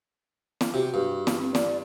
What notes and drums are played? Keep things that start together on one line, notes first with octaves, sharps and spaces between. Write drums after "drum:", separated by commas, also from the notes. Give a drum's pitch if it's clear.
drum: snare
C3 F#4
G2
drum: snare
C4
D5, drum: snare